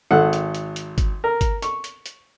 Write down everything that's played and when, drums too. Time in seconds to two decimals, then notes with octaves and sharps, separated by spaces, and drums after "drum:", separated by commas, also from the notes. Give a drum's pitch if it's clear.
0.11 G#1 A4 F#5
0.33 drum: hi-hat
0.55 drum: hi-hat
0.76 drum: hi-hat
0.98 drum: kick G1, hi-hat
1.24 A#4
1.41 drum: kick G1, hi-hat
1.62 C#6, drum: hi-hat
1.84 drum: hi-hat
2.06 drum: hi-hat